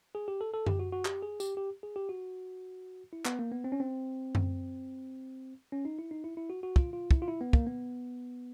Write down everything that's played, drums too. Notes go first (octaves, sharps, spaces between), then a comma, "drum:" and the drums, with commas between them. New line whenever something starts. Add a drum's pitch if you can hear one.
G#4
G4
A4
A4
G4, drum: tom F#2
F#4
F#4
G4, drum: clap
G#4
G4, drum: tambourine
G4
G#4
G4
F#4
E4
B3, drum: clap
A#3
B3
C4
C#4
C4
drum: tom F#2
C#4
D#4
E4
D#4
E4
E4
F#4
F#4
F4, drum: kick
F4
E4, drum: kick
F4
E4
B3
A#3, drum: kick
B3